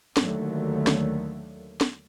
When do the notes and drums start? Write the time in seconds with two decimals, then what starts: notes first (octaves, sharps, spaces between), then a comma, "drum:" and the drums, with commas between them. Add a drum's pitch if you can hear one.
0.17 D#2 D3 D#3 F#3 A3 A#3, drum: snare
0.87 drum: snare
1.81 drum: snare